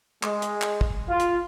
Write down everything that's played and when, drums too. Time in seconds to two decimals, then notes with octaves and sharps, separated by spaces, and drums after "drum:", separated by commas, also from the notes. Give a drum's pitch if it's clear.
0.23 G#3, drum: clap
0.42 drum: hi-hat
0.62 drum: clap
0.81 drum: kick
1.09 F4
1.20 drum: hi-hat